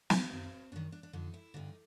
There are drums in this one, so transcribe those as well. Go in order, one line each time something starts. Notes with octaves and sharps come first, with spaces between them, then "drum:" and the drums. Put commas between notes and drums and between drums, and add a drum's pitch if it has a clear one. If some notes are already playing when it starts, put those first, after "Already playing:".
B3, drum: snare
F#2 D#3 C4
F#2 D#3 D4
D4
D4
F2 D3 D#4
E4
G2 D3 D#4